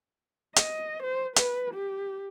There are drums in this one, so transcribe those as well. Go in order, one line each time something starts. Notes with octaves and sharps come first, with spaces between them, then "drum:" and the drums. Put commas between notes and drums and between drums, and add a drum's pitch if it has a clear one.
D#5, drum: hi-hat
C5
B4, drum: hi-hat
G4